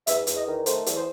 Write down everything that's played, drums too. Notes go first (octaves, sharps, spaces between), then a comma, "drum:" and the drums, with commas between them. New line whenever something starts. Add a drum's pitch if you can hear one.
E2 E5, drum: hi-hat
E2, drum: hi-hat
D#5
D#3
A3 C5, drum: hi-hat
E2, drum: hi-hat
C5